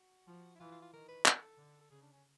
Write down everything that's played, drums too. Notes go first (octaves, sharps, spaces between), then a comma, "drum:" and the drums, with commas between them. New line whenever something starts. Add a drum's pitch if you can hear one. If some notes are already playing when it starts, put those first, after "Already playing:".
Already playing: F#4
F3
E4
E3 F4
F4
F4
D#3 A#4
B4
A#4, drum: clap
A4
D3
A4
C#3 G#4
D4
C#4